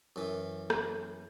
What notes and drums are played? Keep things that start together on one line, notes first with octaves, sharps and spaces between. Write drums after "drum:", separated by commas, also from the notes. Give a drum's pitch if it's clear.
F#2 E3
drum: rim click